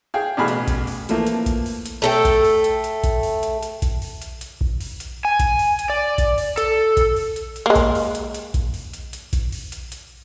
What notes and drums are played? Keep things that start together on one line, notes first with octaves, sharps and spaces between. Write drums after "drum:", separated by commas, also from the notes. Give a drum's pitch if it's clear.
G#4 F5 G5
A1 B2 G#4 B5 F6
drum: hi-hat
drum: kick A#1, hi-hat
drum: open hi-hat
E3 F3 A3 A#3, drum: hi-hat
drum: hi-hat
drum: kick A#1, hi-hat
drum: open hi-hat
drum: hi-hat
A3 A4 G5
drum: kick A#1, hi-hat
drum: open hi-hat
drum: hi-hat
drum: hi-hat
drum: kick A#1, hi-hat
drum: open hi-hat
drum: hi-hat
drum: hi-hat
drum: kick A#1, hi-hat
drum: open hi-hat
drum: hi-hat
drum: hi-hat
drum: kick A#1
drum: open hi-hat
drum: hi-hat
G#5
drum: kick A#1, hi-hat
drum: open hi-hat
drum: hi-hat
D5
drum: kick A#1, hi-hat
drum: open hi-hat
A4, drum: hi-hat
drum: kick A#1, hi-hat
drum: open hi-hat
drum: hi-hat
drum: hi-hat
G#3 A#3
drum: kick A#1, hi-hat
drum: open hi-hat
drum: hi-hat
drum: hi-hat
drum: kick A#1, hi-hat
drum: open hi-hat
drum: hi-hat
drum: hi-hat
drum: kick A#1, hi-hat
drum: open hi-hat
drum: hi-hat
drum: hi-hat